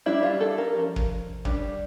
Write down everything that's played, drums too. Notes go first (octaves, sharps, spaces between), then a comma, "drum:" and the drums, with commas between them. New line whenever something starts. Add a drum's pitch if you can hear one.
G3 D4 E4
F4
A4
A#4
F3 C#4
drum: kick
G3 D4, drum: kick